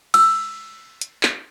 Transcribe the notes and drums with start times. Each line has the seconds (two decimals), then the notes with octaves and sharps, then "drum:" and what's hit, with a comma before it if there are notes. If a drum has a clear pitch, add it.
0.14 E6, drum: cymbal
1.01 drum: hi-hat
1.23 drum: clap